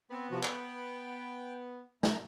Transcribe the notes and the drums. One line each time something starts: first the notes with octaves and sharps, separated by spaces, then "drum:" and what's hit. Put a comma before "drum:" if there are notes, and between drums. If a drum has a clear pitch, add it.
B3 C4
C3 F3 F#4
G5, drum: clap
F#2 A3 A#5, drum: snare